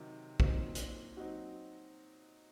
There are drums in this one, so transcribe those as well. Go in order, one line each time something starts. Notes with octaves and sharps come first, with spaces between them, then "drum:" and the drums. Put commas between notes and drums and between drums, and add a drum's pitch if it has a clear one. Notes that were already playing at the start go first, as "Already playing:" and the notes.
Already playing: C3 D#3 F#3
A#2 F#3 C4 D#4, drum: kick
drum: hi-hat
F#3 C4 D#4 F#4